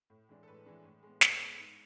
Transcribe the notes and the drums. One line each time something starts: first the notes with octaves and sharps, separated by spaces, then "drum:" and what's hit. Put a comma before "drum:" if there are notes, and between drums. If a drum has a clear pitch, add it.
A2
E3 G#3 D4
A4
A2 B4
E3 G#3 D4
A2
G#3 B3
A2 B4, drum: snare
G#3 B3
G#2